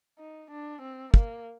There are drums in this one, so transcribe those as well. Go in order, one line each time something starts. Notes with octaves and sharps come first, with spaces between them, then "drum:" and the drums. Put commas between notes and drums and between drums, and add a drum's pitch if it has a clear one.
D#4
D4
C4
A#3, drum: kick